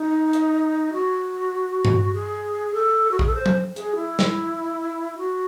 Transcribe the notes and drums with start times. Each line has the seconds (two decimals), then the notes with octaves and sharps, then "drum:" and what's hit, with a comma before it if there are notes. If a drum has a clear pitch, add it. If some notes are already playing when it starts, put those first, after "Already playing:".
Already playing: D#4
0.33 drum: hi-hat
0.93 F#4
1.85 drum: tom G2
2.14 G#4
2.75 A4
3.11 F#4
3.19 G#4, drum: kick
3.27 A4
3.35 C5
3.46 drum: tom
3.76 G#4, drum: hi-hat
3.96 E4
4.19 drum: snare
5.17 F#4